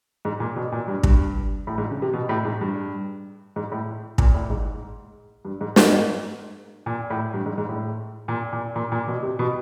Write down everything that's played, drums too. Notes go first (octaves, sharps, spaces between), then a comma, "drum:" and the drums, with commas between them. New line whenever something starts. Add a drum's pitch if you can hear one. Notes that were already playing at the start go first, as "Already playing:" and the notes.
G#2
A#2
B2
A#2
G2
G2, drum: kick
A2
G#2
C#3
C3
B2
A2
G#2
G2
G#2
A2
A#2, drum: kick
A2
G#2
G2
G#2
G2, drum: snare
G#2
A#2
A2
G2
G#2
G#2
A2
A#2
A#2
A#2
A#2
B2
C3
B2